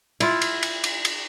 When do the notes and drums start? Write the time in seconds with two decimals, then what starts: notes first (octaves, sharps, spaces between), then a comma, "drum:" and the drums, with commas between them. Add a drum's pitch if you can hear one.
0.20 E4 F4, drum: cymbal
0.41 drum: cymbal
0.63 drum: cymbal
0.84 drum: cymbal
1.05 drum: cymbal